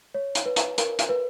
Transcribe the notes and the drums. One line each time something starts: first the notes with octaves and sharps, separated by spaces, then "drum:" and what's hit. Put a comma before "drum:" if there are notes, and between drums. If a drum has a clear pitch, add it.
C#5
drum: hi-hat
B4
drum: hi-hat
A#4, drum: hi-hat
drum: hi-hat
B4